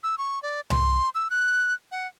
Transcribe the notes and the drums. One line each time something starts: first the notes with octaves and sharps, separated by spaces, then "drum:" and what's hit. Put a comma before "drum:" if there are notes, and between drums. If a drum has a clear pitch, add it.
E6
C#6
D5
C6, drum: tom C2
E6
F#6
F#5